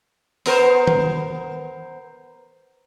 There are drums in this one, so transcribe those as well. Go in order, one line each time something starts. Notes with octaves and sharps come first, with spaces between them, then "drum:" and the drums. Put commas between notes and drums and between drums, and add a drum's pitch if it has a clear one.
B3 A#4 C5, drum: open hi-hat
drum: tom D#3